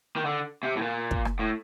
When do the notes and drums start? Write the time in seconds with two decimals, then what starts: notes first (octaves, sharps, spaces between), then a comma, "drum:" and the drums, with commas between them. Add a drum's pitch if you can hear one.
0.16 D#3
0.25 D3
0.63 C3
0.76 A2
0.82 A#2
1.11 drum: kick
1.25 drum: rim click
1.39 A2